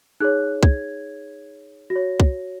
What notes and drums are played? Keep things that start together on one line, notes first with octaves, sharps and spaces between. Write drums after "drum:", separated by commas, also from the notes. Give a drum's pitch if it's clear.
D#4 G#4 C#5 F#6
G#6, drum: kick
F#4 A#6
C#5
drum: kick